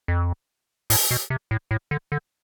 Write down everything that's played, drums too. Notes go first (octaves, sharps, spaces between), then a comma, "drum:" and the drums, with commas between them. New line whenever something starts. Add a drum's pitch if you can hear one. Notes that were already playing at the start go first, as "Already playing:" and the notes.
F2
A2, drum: open hi-hat
B2
C3
A2
A2
D3
D3